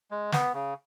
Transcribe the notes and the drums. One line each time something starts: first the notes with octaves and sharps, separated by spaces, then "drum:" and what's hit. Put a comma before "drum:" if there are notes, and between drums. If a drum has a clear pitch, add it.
G#3
B3, drum: snare
C#3